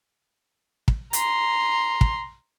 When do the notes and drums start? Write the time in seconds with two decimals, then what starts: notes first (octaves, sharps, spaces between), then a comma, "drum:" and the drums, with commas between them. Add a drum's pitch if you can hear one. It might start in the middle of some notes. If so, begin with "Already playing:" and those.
0.88 drum: kick
1.13 A#5 C6, drum: hi-hat
2.01 drum: kick